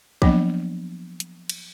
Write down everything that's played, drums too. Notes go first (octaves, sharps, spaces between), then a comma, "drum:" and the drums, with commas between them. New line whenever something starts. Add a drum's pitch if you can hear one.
F3 F#3 A#3 B3 D4 D#5, drum: kick
drum: hi-hat
drum: cymbal